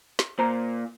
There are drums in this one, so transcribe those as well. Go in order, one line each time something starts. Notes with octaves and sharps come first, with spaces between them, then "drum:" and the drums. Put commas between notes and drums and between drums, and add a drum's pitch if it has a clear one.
drum: snare
A#2 C5 A#5